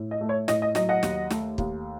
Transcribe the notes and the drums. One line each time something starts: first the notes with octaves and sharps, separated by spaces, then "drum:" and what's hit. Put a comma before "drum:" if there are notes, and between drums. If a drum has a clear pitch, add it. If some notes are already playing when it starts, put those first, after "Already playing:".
Already playing: A2
D#5
A3
C#5
A2 D#5, drum: snare
D#5
F#3 D#5, drum: snare
D#5 F#5
D#2, drum: snare
A3, drum: snare
D#2, drum: kick